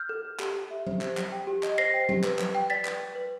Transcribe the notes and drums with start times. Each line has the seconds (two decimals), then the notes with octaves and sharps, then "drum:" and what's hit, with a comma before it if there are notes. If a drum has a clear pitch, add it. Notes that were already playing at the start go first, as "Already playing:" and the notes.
Already playing: F6 G6
0.09 A4
0.25 A4
0.39 G4, drum: clap
0.56 G4
0.71 E5
0.87 C5, drum: tom F3
1.01 G4, drum: clap
1.17 G4, drum: clap
1.32 G5
1.47 G4
1.63 D#5, drum: clap
1.78 C5 A#6 C7
1.94 G5
2.09 G4, drum: tom F3
2.24 B4, drum: clap
2.39 B4, drum: clap
2.55 G5
2.70 D5 A6 B6
2.85 B4, drum: clap
3.00 B4
3.15 B4